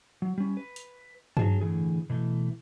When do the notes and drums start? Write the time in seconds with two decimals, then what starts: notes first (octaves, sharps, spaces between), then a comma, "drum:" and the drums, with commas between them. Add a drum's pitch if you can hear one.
0.22 F#3
0.38 G3 C#4
0.57 B4
0.76 drum: hi-hat
1.37 F#3 G#4 A5, drum: tom G2
1.61 A2 D3 E3 G#4
2.10 B2 E3 A3